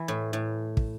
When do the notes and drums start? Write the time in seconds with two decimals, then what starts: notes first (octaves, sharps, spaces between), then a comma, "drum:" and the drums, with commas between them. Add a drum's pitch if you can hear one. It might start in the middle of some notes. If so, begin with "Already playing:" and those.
Already playing: E3
0.08 A2
0.33 A2
0.77 drum: kick